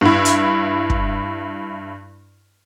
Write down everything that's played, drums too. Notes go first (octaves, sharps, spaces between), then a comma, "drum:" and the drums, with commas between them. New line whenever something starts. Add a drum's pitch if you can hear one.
G2 E4
drum: hi-hat
drum: kick